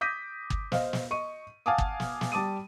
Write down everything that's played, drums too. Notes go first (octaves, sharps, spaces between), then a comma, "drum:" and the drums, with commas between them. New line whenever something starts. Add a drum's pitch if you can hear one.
D6 D#6 G6 A#6 B6 D#7
drum: kick
C5 D#5 F5, drum: snare
drum: snare
D#5 C#6 D#7
F5 F#5 G#5 A5 D6 D#6
drum: kick
drum: snare
drum: snare
G3 A5 D6 D#6 D#7